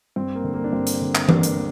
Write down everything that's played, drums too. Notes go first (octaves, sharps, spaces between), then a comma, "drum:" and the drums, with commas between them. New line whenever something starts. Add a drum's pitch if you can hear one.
G2 C4
A#3
D3
A#3
D4
G2 C4
drum: hi-hat
D3
drum: clap
G2 A#3 D4, drum: tom E3
drum: hi-hat